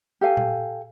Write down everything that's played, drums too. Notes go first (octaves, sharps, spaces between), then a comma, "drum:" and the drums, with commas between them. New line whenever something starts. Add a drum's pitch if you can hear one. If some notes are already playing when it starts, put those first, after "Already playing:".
G4 A4 F5 G#5
drum: tom A#2